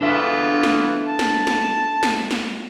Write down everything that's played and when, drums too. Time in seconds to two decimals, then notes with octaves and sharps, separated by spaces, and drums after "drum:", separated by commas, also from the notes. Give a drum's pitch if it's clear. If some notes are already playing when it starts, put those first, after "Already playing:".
0.01 E3 B3 D4 F4 A4 E5
0.63 drum: snare
1.05 A5
1.19 drum: snare
1.47 drum: snare
2.03 drum: snare
2.31 drum: snare